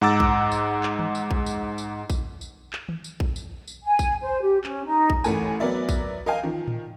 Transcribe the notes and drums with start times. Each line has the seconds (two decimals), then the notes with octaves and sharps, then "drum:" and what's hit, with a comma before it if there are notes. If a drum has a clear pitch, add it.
0.01 G#2 F#5 A#5 D6 E6 A6
0.20 drum: kick A#1
0.52 drum: tambourine
0.83 drum: clap
0.99 drum: tom D#3
1.15 drum: tambourine
1.31 drum: kick A#1
1.46 drum: tambourine
1.78 drum: tambourine
2.10 drum: kick A#1, tambourine
2.41 drum: tambourine
2.73 drum: clap
2.89 drum: tom
3.04 drum: tambourine
3.20 drum: kick A#1
3.36 drum: tambourine
3.68 drum: tambourine
3.83 G#5
3.99 drum: kick A#1, tambourine
4.22 C5
4.42 G4
4.64 C#4, drum: clap
4.85 D#4
5.10 drum: kick A#1
5.24 A1 A2 A3 A#4 G#5, drum: tambourine
5.60 F#3 B3 A#4 D5 E5
5.89 drum: kick A#1, tambourine
6.26 A#4 D#5 F5 G5 G#5
6.44 D#3 F3
6.68 drum: tom A2